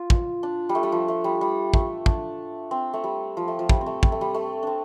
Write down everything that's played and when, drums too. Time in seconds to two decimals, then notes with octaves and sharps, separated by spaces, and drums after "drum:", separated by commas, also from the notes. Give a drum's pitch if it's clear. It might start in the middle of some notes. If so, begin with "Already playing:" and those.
Already playing: F4
0.10 drum: kick
0.43 D4
0.69 G3
0.75 A3
0.83 G3
0.92 F3
1.08 A3
1.24 G3
1.41 G3
1.74 A3, drum: kick
2.06 D4, drum: kick
2.71 C4
2.93 A3
3.04 G3
3.37 F3
3.48 A3
3.59 F3
3.69 G3, drum: kick
3.81 C4
3.86 A3
4.03 G3, drum: kick
4.12 A3
4.21 G3
4.34 A3
4.63 C4 D4